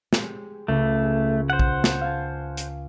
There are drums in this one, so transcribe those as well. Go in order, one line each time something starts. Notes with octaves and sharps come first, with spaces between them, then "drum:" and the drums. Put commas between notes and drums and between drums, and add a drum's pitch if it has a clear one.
G#3 G4, drum: snare
C#2 A3
G#4
C5 F#5
drum: kick A#1
drum: snare
F5 G#5 A5
drum: hi-hat